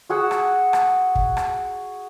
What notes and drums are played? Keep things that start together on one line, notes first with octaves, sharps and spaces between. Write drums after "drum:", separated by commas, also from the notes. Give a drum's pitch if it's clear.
F#4 G#4 F#5 E6
drum: rim click
drum: rim click
drum: kick
drum: rim click